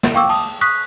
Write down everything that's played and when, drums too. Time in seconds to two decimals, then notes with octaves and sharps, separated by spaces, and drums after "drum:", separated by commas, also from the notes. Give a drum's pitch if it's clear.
0.03 drum: snare
0.14 F5 G5 C#6 D6 E6
0.29 A5 D#6, drum: cymbal
0.61 C#6 D#6 F#6 B6